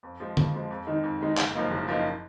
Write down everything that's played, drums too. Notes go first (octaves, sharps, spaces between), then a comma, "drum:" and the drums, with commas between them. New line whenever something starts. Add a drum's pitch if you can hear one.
F2
F3 G#3
F2, drum: tom
F3 G#3
F2
D#3 G#3 D#4
F2
D#3 G#3 D#4
F#1, drum: clap
F#2 F3 A#3 D#4
F#1
F#2 F3 A#3 D#4